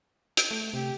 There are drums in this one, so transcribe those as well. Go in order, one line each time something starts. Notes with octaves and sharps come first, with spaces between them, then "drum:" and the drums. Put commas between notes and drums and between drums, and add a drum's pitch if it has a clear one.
drum: hi-hat
A3
C3 G4